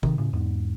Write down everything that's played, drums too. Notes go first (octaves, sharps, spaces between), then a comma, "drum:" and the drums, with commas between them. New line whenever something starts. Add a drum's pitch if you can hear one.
C3 D#3, drum: kick
A2 C#3
E2 G#2